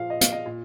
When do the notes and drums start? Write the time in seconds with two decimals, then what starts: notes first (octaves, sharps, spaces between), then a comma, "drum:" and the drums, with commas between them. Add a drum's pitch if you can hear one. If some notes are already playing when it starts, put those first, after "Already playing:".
Already playing: A#2 F3 F5
0.10 D#5
0.21 F5, drum: hi-hat
0.32 D#5
0.46 A#2